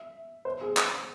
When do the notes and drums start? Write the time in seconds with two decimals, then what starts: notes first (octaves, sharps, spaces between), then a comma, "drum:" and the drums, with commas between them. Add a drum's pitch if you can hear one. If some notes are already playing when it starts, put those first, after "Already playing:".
Already playing: E5
0.45 C5
0.61 G#4
0.77 drum: clap